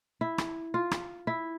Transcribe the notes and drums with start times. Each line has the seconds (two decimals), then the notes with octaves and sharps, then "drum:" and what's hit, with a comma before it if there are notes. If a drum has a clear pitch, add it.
0.21 E4
0.38 drum: rim click
0.74 F4
0.91 drum: rim click
1.27 E4